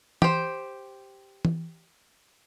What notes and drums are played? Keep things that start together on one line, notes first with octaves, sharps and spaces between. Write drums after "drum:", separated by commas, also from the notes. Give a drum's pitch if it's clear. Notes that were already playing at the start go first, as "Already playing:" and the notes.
G4 C5, drum: tom E3
drum: tom E3